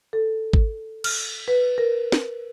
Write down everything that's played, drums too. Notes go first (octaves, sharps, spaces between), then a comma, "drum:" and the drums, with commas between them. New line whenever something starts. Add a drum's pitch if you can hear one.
A4
drum: kick G#1
F6, drum: cymbal
B4
A#4
drum: snare